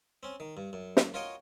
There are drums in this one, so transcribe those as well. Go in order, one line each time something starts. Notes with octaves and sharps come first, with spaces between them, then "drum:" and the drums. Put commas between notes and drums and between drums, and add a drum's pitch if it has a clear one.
C4 C#4
D#3
G2
F#2
drum: snare
F4 F#4 A#4 C#5 D#5 G5